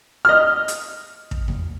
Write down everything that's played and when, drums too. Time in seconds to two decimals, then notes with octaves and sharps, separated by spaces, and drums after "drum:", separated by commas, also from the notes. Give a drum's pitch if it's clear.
0.25 D#5 F6
0.68 drum: hi-hat
1.31 drum: kick
1.48 drum: tom E2